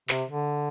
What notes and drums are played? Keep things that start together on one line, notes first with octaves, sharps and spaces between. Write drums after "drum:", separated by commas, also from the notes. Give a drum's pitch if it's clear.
C3, drum: clap
D3